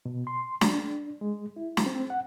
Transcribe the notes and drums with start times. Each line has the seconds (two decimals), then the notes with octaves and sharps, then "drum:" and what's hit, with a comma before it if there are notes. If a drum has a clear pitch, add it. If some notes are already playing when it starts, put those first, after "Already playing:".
0.05 B2
0.27 C6
0.61 D4, drum: snare
1.21 G#3
1.56 E4
1.77 drum: snare
1.86 C4
2.10 F#5